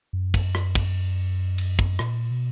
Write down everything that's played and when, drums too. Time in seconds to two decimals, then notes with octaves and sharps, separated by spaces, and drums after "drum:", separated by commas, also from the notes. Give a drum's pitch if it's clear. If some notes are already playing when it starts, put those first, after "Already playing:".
0.13 F#2
0.34 drum: kick, cymbal
0.55 drum: rim click
0.75 drum: kick, cymbal
1.58 drum: cymbal
1.79 drum: kick
1.99 A#2, drum: rim click
2.31 B2